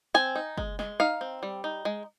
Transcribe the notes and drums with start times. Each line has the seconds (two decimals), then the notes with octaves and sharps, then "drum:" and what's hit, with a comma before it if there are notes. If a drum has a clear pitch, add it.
0.14 C4 G#5
0.36 D#4
0.57 G#3, drum: kick
0.79 G#3, drum: snare
1.00 D#4 F5
1.21 C4
1.43 G3
1.64 D#4
1.85 G#3